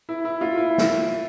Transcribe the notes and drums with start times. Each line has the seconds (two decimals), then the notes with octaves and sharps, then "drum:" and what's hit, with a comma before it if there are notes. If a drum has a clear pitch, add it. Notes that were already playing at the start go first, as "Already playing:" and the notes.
0.09 E4
0.25 E4
0.41 F4
0.57 E4
0.78 drum: snare